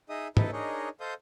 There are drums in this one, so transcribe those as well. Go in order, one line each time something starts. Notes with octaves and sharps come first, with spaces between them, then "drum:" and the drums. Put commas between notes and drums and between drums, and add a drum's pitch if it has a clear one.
D#4 G#4 D#5 E5 D#6
D#4 E4 A4 B4 D#5, drum: tom
D4 D#4 G#4 A#4 C#5 D#5
A4 C5 D#5 F5 D#6 G6